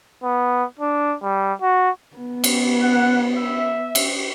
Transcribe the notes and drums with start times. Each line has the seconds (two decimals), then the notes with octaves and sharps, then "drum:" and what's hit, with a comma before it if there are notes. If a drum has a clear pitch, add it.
0.23 B3
0.79 D4
1.22 G3
1.62 F#4
2.16 B3
2.44 drum: cymbal
2.82 F#5
3.35 E5
3.95 drum: cymbal